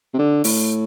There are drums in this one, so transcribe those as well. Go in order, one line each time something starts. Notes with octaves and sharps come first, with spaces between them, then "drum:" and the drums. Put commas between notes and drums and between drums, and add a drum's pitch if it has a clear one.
C3
D3
A2, drum: open hi-hat